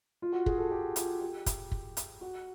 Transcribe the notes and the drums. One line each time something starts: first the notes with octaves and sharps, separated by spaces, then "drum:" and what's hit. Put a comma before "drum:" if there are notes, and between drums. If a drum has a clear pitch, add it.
F4
F#4
G#4, drum: kick
A4
G4
F4, drum: hi-hat
G4
drum: kick, hi-hat
drum: kick
drum: hi-hat
F#4